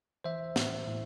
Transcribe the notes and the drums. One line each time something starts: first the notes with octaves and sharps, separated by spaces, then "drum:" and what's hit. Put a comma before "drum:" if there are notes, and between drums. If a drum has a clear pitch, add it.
E3 C5 E5
A2, drum: snare
A2